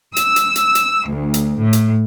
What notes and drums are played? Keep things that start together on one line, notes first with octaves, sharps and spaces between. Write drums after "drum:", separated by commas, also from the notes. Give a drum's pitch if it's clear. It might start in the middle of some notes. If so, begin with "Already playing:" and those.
E6, drum: hi-hat
drum: hi-hat
drum: hi-hat
drum: hi-hat
D2
drum: hi-hat
A2
drum: hi-hat